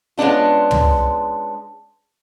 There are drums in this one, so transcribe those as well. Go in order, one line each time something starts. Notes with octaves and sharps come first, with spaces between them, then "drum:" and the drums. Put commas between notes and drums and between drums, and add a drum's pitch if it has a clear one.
G#3 B3 C#4 D4 F4
drum: tom